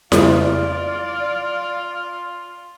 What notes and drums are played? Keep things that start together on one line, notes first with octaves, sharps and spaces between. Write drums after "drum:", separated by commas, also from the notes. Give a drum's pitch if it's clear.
F2 C#3 G3 F4 D5 F5, drum: snare E4